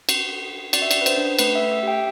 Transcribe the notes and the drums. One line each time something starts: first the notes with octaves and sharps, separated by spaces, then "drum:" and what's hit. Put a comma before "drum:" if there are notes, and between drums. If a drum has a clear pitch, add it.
F#4, drum: cymbal
A4
F#4
F#4 D5, drum: cymbal
E5
D4 D5, drum: cymbal
B4
C5, drum: cymbal
D4
A3 B4, drum: cymbal
E5
A3
E5
G4 G5